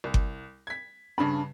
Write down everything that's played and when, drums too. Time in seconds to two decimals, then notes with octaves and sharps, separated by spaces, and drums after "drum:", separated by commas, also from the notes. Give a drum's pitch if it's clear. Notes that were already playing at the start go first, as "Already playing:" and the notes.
0.04 C2
0.14 drum: kick G1
0.67 G#6 B6
1.18 G2 C#3 D4 B5